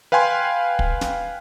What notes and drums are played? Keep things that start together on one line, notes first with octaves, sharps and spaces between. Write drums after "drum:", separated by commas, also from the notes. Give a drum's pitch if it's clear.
B4 F5 G5 G#5 C6
drum: kick
drum: snare